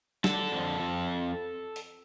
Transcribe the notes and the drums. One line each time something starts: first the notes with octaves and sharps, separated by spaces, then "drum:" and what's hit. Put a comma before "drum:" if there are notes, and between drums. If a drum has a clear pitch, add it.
D3 A4, drum: snare
F2
F2
drum: open hi-hat